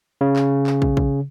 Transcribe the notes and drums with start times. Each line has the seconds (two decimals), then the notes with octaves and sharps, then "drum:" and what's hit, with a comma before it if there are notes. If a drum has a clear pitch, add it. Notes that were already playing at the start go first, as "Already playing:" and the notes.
0.21 C#3
0.36 drum: clap
0.67 drum: clap
0.82 drum: kick
0.97 drum: kick